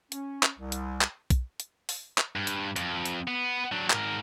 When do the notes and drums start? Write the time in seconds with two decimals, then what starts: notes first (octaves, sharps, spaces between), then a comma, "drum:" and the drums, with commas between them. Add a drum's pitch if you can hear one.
0.12 C#4, drum: hi-hat
0.43 drum: clap
0.58 C2
0.72 drum: hi-hat
1.01 drum: clap
1.30 drum: kick B1, hi-hat
1.60 drum: hi-hat
1.89 drum: open hi-hat
2.18 drum: clap
2.36 G2
2.47 drum: hi-hat
2.76 F2, drum: hi-hat
3.05 drum: hi-hat
3.28 B3
3.72 F#3 D4
3.90 G#2 A#4, drum: clap